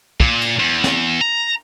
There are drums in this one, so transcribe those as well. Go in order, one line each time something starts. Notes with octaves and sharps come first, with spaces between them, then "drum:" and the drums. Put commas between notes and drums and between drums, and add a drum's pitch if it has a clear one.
A#2, drum: kick
drum: cymbal
E2
drum: snare
A#5